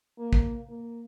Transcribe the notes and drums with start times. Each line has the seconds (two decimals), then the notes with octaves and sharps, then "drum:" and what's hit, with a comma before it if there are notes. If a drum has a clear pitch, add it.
0.19 A#3
0.33 drum: kick
0.69 A#3